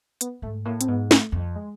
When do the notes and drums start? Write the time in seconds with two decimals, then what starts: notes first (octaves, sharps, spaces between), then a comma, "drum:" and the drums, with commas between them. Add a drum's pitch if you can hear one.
0.21 B3, drum: hi-hat
0.42 G#2 A3
0.65 A2 A#3
0.81 C4, drum: hi-hat
0.88 G#2 B3
1.11 A3, drum: snare
1.32 F2
1.55 G#3